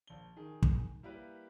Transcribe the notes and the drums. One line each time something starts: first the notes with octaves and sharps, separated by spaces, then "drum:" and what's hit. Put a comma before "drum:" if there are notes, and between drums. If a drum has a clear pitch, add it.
A#1 G7
D#3 G#4
drum: kick
G3 A#3 E4 G4 A#4 B4